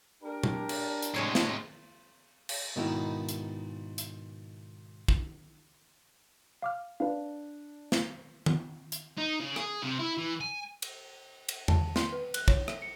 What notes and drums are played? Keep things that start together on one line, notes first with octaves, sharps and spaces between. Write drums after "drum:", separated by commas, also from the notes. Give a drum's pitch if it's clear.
D4 G4 A#4
drum: tom A#2
drum: cymbal
drum: hi-hat
A2 C3 G#3 C#5 C6
drum: snare
drum: cymbal
G#2 B2 D#3 E4
drum: hi-hat
drum: hi-hat
drum: kick
F5 D6 F6
D4 B4 F5
drum: snare
drum: tom D#3
drum: hi-hat
D#4
C#3
G#4, drum: rim click
C3
E4
E3
G#5
drum: cymbal
drum: cymbal
A5, drum: tom E2
C6, drum: snare
B4
F#6, drum: cymbal
C#5, drum: kick
E5, drum: rim click
C#7